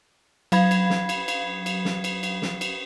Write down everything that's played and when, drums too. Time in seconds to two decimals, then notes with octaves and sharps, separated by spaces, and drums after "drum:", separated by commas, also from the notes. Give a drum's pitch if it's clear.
0.52 F#3 F5 B5 G#6, drum: cymbal
0.71 drum: cymbal
0.90 drum: snare
1.09 drum: cymbal
1.28 drum: cymbal
1.66 drum: cymbal
1.85 drum: snare
2.04 drum: cymbal
2.23 drum: cymbal
2.42 drum: snare
2.61 drum: cymbal